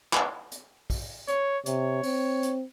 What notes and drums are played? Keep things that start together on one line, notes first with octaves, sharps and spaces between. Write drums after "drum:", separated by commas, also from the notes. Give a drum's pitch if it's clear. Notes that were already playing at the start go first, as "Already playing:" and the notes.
drum: clap
drum: hi-hat
drum: kick, open hi-hat
C#5, drum: hi-hat
C3 C#5, drum: hi-hat
C4, drum: open hi-hat
drum: hi-hat